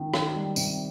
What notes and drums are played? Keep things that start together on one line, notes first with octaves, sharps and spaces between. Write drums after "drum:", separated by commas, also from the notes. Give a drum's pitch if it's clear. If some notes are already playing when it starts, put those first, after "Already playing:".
Already playing: D#3
D#4, drum: rim click
G3
C3, drum: tambourine